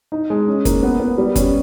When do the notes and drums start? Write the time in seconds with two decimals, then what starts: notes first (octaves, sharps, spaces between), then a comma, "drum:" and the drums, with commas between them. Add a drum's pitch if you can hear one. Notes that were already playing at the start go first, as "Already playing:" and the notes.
0.12 D#4
0.30 G#3
0.47 C#4
0.65 A#3, drum: kick G1, hi-hat
0.83 B3
1.00 B3
1.18 G3
1.35 C#4, drum: kick G1, hi-hat